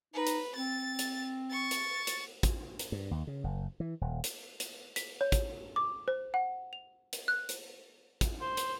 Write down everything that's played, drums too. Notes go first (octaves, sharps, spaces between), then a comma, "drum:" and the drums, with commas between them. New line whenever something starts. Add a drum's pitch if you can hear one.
D#4 B4
drum: hi-hat
C4 A6
drum: hi-hat
C#6 A6
drum: hi-hat
drum: hi-hat
drum: kick, hi-hat
drum: hi-hat
G2
D#2
C#3
F#1
E3
D#1
drum: hi-hat
drum: hi-hat
B6, drum: hi-hat
C#5
drum: kick, hi-hat
D6
C5
F#5
F7
drum: hi-hat
F#6
drum: hi-hat
drum: kick, hi-hat
C5
drum: hi-hat